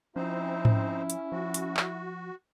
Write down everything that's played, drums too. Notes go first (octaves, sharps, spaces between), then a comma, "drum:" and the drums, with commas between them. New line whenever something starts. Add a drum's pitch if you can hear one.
F3 C4 C#4 D#4 E4 C5
drum: tom G#2
drum: hi-hat
F3 F#4
drum: hi-hat
drum: clap